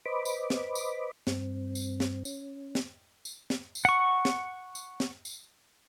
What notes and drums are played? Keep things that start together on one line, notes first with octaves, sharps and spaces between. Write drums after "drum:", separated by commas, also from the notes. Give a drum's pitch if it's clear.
B4 C5 D#5 B5 D6
drum: tambourine
drum: snare
drum: tambourine
G2 C4, drum: snare
drum: tambourine
drum: snare
C#4, drum: tambourine
drum: snare
drum: tambourine
drum: snare
drum: tambourine
F#5 C#6
drum: snare
drum: tambourine
drum: snare
drum: tambourine